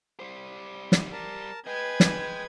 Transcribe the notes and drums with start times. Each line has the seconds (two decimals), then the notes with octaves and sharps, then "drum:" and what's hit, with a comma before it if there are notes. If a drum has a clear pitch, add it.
0.20 G3 C5
0.92 drum: snare
1.12 A#4 A5
1.67 G#4 B4 D#5 G5 G#5 G#6
2.00 drum: snare